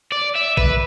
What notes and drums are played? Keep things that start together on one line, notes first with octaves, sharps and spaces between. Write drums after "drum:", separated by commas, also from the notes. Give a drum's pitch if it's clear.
D5
E5
B4, drum: kick